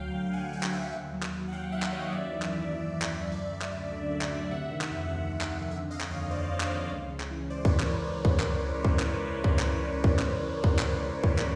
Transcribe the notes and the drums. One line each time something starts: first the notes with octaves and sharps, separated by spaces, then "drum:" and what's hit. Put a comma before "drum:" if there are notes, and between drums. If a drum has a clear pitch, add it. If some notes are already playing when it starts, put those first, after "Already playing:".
Already playing: D2 F#3 F5 G5
D3
D2 F#5 G#5
F#3 F5 G5
G5, drum: clap
D2 E5 F#5
D#2
F#3
drum: clap
D#2
F#5
D#2 F5 G5
D#2 E5 F#5
drum: clap
D#2 C#5 D#5
F#2 D5 E5
E3
drum: clap
F#2
F#2
F#2
drum: clap
F#2
D2 D5 E5
D2
drum: clap
D2
D3
D2
drum: clap
D2
C3 E5 F#5
D#3
drum: clap
F2
D#3
C3
drum: clap
F2
D3 E5 F#5
D3 D#5 F5
drum: clap
D#2 C#5 D#5
D#2 C5 D5
D#2
drum: clap
D#2
C#2
C#3
drum: clap
E3
C#2 C5 D5
B4 C#5, drum: kick C#2
C#2
A#4 C5, drum: clap
drum: kick C#2
drum: clap
drum: kick C#2
drum: clap
drum: kick C#2
drum: clap
drum: kick C#2
drum: clap
drum: kick C#2
drum: clap
drum: kick C#2
drum: clap